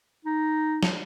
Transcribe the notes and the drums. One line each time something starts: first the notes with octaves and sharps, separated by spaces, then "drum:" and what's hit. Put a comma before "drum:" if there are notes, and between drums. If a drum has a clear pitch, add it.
D#4
drum: snare